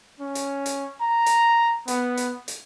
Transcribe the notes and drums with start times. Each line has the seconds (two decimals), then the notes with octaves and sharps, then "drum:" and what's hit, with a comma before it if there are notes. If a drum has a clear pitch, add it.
0.20 C#4
0.35 drum: hi-hat
0.66 drum: hi-hat
1.01 A#5
1.26 drum: hi-hat
1.88 B3, drum: hi-hat
2.17 drum: hi-hat
2.48 drum: hi-hat